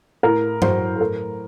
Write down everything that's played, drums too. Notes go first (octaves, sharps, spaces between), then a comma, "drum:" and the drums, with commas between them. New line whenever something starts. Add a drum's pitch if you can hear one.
A2 A#4
F#3 C5, drum: tom G2
A4
A2 A#4